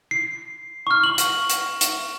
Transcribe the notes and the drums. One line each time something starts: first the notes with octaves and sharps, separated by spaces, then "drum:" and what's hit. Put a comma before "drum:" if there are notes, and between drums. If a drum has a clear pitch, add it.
C7
C#6 F6
C#6 F#7
drum: hi-hat
drum: hi-hat
drum: hi-hat